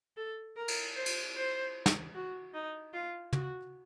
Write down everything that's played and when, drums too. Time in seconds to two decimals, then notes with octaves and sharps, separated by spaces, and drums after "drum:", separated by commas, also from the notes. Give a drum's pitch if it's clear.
0.17 A4
0.56 A#4
0.68 drum: cymbal
0.96 C5
1.06 drum: cymbal
1.36 C5
1.86 drum: snare
2.15 F#4
2.54 D#4
2.94 F4
3.33 F#4, drum: tom